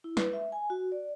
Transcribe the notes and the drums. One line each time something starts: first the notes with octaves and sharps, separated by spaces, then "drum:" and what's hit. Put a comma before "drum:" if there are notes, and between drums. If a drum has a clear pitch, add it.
E4
B4, drum: snare
E5
G#5
F#4
D5